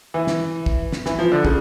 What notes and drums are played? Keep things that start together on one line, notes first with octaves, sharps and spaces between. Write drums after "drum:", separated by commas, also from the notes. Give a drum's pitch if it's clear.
E3
drum: snare
drum: kick
drum: snare
E3, drum: snare
F3
D3
C#3, drum: kick